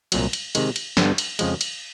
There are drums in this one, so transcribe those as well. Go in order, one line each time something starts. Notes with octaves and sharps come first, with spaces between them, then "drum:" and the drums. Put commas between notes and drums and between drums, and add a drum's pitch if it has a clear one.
C2 A#2 F#3, drum: cymbal
drum: cymbal
C3 D#3 G#3, drum: cymbal
drum: cymbal
G2 D3 G3 B3 D4, drum: snare
drum: cymbal
F2 C#3 F3 G#3, drum: cymbal
drum: cymbal